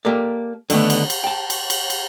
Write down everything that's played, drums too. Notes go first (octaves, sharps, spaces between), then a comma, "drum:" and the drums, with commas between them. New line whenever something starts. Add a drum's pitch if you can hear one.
A#3 G4 A4 A#4 D5
D3 D#3 F#3 A3 B3, drum: cymbal
drum: cymbal
drum: cymbal
G5 A5
drum: cymbal
drum: cymbal
drum: cymbal